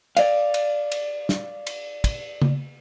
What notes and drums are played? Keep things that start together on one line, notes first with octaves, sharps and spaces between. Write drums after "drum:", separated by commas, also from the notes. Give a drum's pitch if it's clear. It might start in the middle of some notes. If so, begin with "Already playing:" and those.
D5 F5, drum: cymbal
drum: cymbal
drum: cymbal
drum: snare
drum: cymbal
drum: kick, cymbal
drum: tom C#3